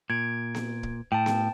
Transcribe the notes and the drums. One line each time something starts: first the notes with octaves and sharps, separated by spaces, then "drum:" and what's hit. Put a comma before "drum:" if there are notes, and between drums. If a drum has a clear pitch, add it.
A#2 G#6 D7
drum: snare B3
drum: kick
A2 G5 A5
drum: snare B3